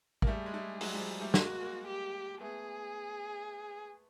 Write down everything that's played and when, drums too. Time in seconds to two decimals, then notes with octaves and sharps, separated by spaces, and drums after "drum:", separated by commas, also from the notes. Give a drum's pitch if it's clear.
0.22 A#3, drum: kick
0.27 G3 A3 G#4
0.46 G#3
0.54 G3 A3
0.81 F#3 G#3, drum: open hi-hat
0.94 F3 G3
1.21 G3 A3
1.34 G#3 A#3 F#4, drum: snare
1.60 G#3 A#3
1.87 G4
2.41 A3 B3 G#4